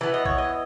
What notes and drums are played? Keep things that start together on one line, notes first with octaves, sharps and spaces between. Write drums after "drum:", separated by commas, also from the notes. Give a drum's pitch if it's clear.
E3 B3
D#5
C#5, drum: kick A#1
D#5